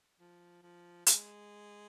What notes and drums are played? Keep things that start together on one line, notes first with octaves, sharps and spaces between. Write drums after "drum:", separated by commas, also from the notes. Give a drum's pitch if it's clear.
F3
F3
G#3, drum: hi-hat